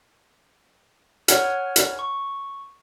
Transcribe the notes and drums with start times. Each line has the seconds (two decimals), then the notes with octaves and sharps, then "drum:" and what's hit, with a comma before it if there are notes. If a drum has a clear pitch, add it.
1.28 C#5 F#5 G#5 F6, drum: hi-hat
1.76 drum: hi-hat
1.99 C#6